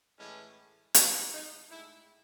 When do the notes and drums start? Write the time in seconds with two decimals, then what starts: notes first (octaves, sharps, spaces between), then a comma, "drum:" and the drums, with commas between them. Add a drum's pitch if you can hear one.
0.18 A2 E3 G#3 C#4
0.94 G#2 E3 G#3 D#4, drum: hi-hat
1.33 D#4
1.71 A2 G#3 E4